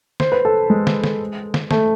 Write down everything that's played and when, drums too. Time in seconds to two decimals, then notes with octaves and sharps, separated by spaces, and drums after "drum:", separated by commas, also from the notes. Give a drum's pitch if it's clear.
0.20 C5, drum: snare
0.32 B4
0.45 A4
0.70 G#3
0.87 drum: snare
1.04 drum: snare
1.54 drum: snare
1.71 A3, drum: snare